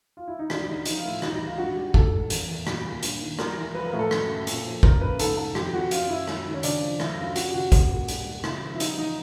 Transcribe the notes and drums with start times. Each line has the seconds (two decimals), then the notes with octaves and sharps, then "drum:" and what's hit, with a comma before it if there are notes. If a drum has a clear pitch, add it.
0.17 F4
0.28 E4
0.39 D#4
0.50 E3 D4, drum: rim click
0.68 E3 D#4
0.85 F3 D#4, drum: hi-hat
0.99 F4
1.04 A2 E4
1.22 E3 D#4, drum: rim click
1.34 D#4
1.40 G#2
1.46 F4
1.58 G2 F#4
1.76 G3 G4
1.94 G#2 A4, drum: kick A1
2.12 G3
2.30 E2 A#4, drum: hi-hat
2.48 E2
2.67 A#2, drum: rim click
2.85 A#2
3.03 G2, drum: hi-hat
3.20 D#3
3.39 G3 A#4, drum: rim click
3.57 E3
3.75 F3 B4
3.87 A#4
3.93 A2
3.99 A4
4.11 F#2, drum: rim click
4.29 F#2
4.47 A#2, drum: hi-hat
4.65 F3
4.83 C#3 A#4, drum: kick A1
5.01 C#3 B4
5.19 G#2 A4, drum: hi-hat
5.37 G#2 A4
5.55 F2 G4, drum: rim click
5.73 F2 F#4
5.91 F#2 F4, drum: hi-hat
6.10 F#2 E4
6.28 F#3, drum: rim click
6.46 D#3
6.54 C#4
6.63 C#3 D4, drum: hi-hat
6.82 F3
7.00 D3 E4, drum: rim click
7.18 F#2 F4
7.36 F#2 F#4, drum: hi-hat
7.49 G4
7.54 C#3 F#4
7.72 F#3, drum: kick A1, hi-hat
7.90 A#2
8.08 G3, drum: hi-hat
8.27 G3
8.44 C#3 E4, drum: rim click
8.62 F3
8.75 E4
8.80 G3 D#4, drum: hi-hat
8.98 E3 D#4